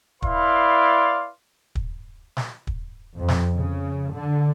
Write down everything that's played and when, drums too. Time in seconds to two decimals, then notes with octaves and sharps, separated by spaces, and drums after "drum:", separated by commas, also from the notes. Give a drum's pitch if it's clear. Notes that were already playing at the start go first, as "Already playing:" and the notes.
0.22 E4 B4 D5 F5 C6, drum: kick
1.75 drum: kick
2.37 drum: snare
2.67 drum: kick
3.16 F2
3.28 drum: snare
3.56 C#3
4.13 D3